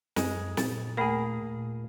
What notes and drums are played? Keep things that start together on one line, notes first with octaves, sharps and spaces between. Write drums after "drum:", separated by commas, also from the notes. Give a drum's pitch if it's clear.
F#2 G#3, drum: snare
A#2 A6, drum: snare
D#2 A3 A#3 G#4 B5
A#2